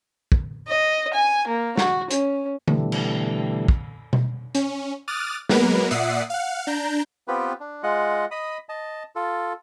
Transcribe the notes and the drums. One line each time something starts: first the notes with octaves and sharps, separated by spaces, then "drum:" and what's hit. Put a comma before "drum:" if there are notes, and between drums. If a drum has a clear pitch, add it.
drum: kick
D#5
G#5
A#3
F#4, drum: snare
C#4, drum: hi-hat
B2 D3 E3 G3 A3, drum: tom D3
drum: cymbal
drum: kick
drum: tom B2
C#4, drum: hi-hat
D6 D#6 F6 F#6 A6 D#7
F#3 G#3 A#3 B3 A#4 B4, drum: snare
A#2 D5 E5 F#5 D#6 C7, drum: hi-hat
F5 F#5
D4 A#5 G6
B3 C4 F4 G4 B4
D4
G#3 F4 D#5 F#5
D#5 B5 D#6
D#5 A5
F4 A4